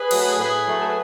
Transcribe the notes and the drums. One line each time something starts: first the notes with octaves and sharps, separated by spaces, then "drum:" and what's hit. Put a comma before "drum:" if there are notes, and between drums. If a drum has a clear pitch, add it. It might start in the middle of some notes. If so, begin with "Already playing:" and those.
Already playing: G#4 B4
F#3 A3, drum: cymbal
A2 G#4 B4
F#3 A3
A4
B4